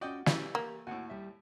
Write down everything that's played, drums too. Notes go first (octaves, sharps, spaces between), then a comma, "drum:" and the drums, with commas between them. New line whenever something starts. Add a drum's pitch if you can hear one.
C#4 F4 F#4 D5 D#5 G5
E3 G3 A3 C#4 F#4, drum: snare
A#3 G4
D#2 A2 F#4 F#5
G3 E5